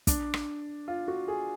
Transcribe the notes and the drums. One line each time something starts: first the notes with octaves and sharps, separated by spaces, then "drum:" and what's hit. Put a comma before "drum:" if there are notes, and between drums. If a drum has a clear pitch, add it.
D4, drum: kick, hi-hat
drum: rim click
F4
F#4
G#4